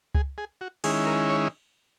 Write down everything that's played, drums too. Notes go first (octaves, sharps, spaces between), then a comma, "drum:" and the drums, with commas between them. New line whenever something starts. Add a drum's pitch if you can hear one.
G#4, drum: kick C#2
G#4
F#4
D#3 G#3 C#4 E4 G#4, drum: cymbal
A#4
C#5